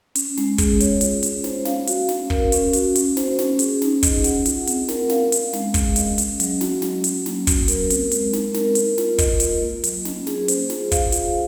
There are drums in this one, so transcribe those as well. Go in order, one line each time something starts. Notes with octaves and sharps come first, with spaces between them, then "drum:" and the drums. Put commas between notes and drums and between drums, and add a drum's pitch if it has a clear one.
C#4, drum: hi-hat
G#3, drum: snare
G#4, drum: kick, hi-hat
C#5, drum: hi-hat
F4, drum: hi-hat
C#4, drum: hi-hat
C5, drum: snare
F5, drum: snare
F#4, drum: hi-hat
C#4, drum: snare
A#4, drum: kick
C#4, drum: hi-hat
F#4, drum: hi-hat
C#4, drum: hi-hat
C5, drum: snare
C#4, drum: snare
G#4, drum: hi-hat
D#4, drum: snare
D#5, drum: kick, hi-hat
F#5, drum: hi-hat
F4, drum: hi-hat
C4, drum: hi-hat
A#4, drum: snare
F5, drum: snare
C#4, drum: hi-hat
G#3, drum: snare
G#4, drum: kick, hi-hat
D#5, drum: hi-hat
C#4, drum: hi-hat
F#3, drum: hi-hat
F#4, drum: snare
F#3, drum: snare
C#4, drum: hi-hat
A#3, drum: snare
F#4, drum: kick, hi-hat
A#4, drum: hi-hat
C4, drum: hi-hat
G#3, drum: hi-hat
D#4, drum: snare
A#4, drum: snare
A#4, drum: hi-hat
F4, drum: snare
D#5, drum: kick, hi-hat
F4, drum: hi-hat
A#3
F#3, drum: hi-hat
C#4, drum: snare
G#4, drum: snare
C5, drum: hi-hat
F4, drum: snare
F5, drum: kick, hi-hat
F4, drum: hi-hat